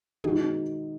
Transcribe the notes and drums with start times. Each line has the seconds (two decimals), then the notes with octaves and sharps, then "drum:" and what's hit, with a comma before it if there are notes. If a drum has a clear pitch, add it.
0.24 D#3 G#3 D#4 F#4, drum: tom